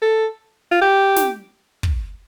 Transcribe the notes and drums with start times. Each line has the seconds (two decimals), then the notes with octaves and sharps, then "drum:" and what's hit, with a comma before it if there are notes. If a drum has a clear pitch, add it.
0.02 A4
0.71 F4
0.81 G4
1.16 drum: snare
1.83 drum: kick